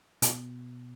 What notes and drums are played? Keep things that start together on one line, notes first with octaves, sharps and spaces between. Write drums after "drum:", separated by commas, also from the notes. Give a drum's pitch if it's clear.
B2, drum: hi-hat